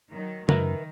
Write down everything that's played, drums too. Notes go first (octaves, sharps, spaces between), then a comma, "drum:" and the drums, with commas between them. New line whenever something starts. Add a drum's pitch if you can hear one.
D#3 F#3
F#2 D#3 A#4 B4 E5, drum: tom C#3